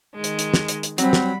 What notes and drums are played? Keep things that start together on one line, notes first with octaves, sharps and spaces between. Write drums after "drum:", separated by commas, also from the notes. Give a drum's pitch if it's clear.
D#3 G#3
drum: hi-hat
drum: hi-hat
drum: snare
drum: hi-hat
drum: hi-hat
F#3 G3 C4 B5, drum: hi-hat
drum: snare